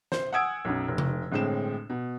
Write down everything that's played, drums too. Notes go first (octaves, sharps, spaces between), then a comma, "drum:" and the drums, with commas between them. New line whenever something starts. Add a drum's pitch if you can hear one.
C5, drum: snare
F#5 G#5 D#6 E6 G#6 D7
B1 F#2
F1
drum: tom C3
G1 A2 G#3 C4 E7
B2